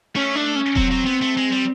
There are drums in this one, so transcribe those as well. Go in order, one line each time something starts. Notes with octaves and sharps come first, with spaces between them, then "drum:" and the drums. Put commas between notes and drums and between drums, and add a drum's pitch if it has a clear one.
A3 C#4
D4
C#4
F#3 C4, drum: kick E1
F#3
B3
A3
G#3
G3